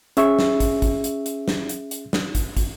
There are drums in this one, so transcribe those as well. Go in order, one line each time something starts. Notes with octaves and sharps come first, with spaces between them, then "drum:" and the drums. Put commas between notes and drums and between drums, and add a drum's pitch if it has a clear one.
C#4 G#4 E5 C#6, drum: hi-hat
drum: snare
drum: kick, hi-hat
drum: kick, hi-hat
drum: hi-hat
drum: hi-hat
drum: snare
drum: hi-hat
drum: hi-hat
drum: snare
drum: kick, hi-hat
drum: kick, hi-hat